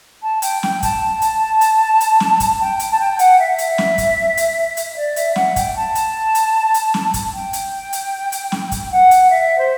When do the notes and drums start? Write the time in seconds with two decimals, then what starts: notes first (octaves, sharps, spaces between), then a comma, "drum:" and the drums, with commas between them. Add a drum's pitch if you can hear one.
0.23 A5
0.42 G5, drum: hi-hat
0.63 G5, drum: snare
0.82 A5, drum: kick, hi-hat
1.22 drum: hi-hat
1.61 drum: hi-hat
2.01 drum: hi-hat
2.20 drum: snare
2.40 drum: kick, hi-hat
2.60 G5
2.79 drum: hi-hat
2.92 A5
3.00 G5
3.19 F#5, drum: hi-hat
3.39 E5
3.58 drum: hi-hat
3.78 drum: snare
3.98 drum: kick, hi-hat
4.37 drum: hi-hat
4.77 drum: hi-hat
4.91 E5
4.96 D5
5.16 E5, drum: hi-hat
5.36 F#5, drum: snare
5.56 G5, drum: kick, hi-hat
5.76 A5
5.95 drum: hi-hat
6.35 drum: hi-hat
6.74 drum: hi-hat
6.94 drum: snare
7.14 drum: kick, hi-hat
7.34 G5
7.53 drum: hi-hat
7.93 drum: hi-hat
8.32 drum: hi-hat
8.52 drum: snare
8.72 drum: kick, hi-hat
8.91 F#5
9.11 drum: hi-hat
9.30 E5
9.58 C5